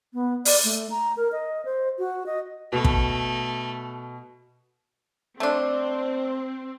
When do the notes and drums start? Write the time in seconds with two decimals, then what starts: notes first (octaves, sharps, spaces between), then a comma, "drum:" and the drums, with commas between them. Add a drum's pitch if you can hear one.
0.14 B3
0.45 D5, drum: open hi-hat
0.64 A3
0.90 A#5
1.17 A#4
1.32 D#5
1.65 C5
1.99 F#4
2.26 D#5
2.72 B2 A3
2.84 drum: kick
5.40 A3 C4 D4